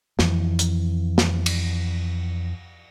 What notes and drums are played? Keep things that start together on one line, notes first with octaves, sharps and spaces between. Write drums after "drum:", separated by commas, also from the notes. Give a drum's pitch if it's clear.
F2 E3, drum: snare
drum: hi-hat
drum: snare
drum: cymbal